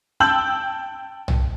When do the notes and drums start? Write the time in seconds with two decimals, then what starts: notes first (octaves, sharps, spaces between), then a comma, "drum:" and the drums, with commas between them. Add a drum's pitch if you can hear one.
0.20 G5 A5 E6 G6 F#7
1.28 drum: tom